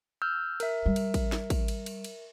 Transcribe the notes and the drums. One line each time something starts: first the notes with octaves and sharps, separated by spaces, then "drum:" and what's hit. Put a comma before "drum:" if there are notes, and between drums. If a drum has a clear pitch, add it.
E6 F6 G6
A#4 E5, drum: cymbal
G3
drum: cymbal
drum: kick, cymbal
drum: snare
drum: kick, cymbal
drum: cymbal
drum: cymbal
drum: cymbal